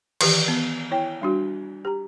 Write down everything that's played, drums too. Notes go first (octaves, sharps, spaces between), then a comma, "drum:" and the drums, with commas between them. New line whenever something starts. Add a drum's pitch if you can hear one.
D#3 E3 G4, drum: cymbal
B3
E4 C#5 G5
G3 D4 F#4
G4 A#5